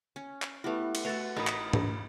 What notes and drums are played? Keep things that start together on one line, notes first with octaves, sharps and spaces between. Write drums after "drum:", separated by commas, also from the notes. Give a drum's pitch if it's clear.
C#4
drum: clap
A3 B3 E4 G4 B4
drum: cymbal
A3 F#4 A4 B4 A6
A1 D#4 A#4 D#5 B5 D#6
drum: clap
drum: tom G#2